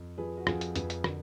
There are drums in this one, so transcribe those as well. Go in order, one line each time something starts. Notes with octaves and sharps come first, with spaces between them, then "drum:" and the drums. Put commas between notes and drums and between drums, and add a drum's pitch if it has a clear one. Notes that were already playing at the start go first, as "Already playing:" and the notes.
Already playing: F2
F3 G#4 B4
F#4
F2 F4 G#4, drum: rim click
drum: hi-hat
F2 G#4 B4, drum: hi-hat
drum: hi-hat
D3 F#4 A#4, drum: rim click